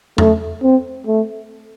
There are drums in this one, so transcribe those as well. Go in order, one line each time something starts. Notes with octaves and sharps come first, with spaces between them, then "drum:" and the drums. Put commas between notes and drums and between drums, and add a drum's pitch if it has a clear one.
A3, drum: tom E2
C4
A3